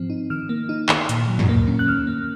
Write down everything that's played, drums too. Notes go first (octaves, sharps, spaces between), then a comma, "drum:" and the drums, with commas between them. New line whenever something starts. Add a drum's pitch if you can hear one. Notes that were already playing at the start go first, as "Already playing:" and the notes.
Already playing: G#2 F3 C4
D#4
D#3 F6
A#3
D#4
D#3, drum: clap
A#2, drum: hi-hat
F#3
drum: tom
A#3
C#4
F#6
D#3 F6
A#3